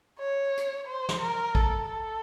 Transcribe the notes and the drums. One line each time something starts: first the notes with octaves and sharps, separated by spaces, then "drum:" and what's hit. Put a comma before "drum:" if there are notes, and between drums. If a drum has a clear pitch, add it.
C#5
drum: hi-hat
C5
drum: snare
A#4
A4, drum: kick A1
A4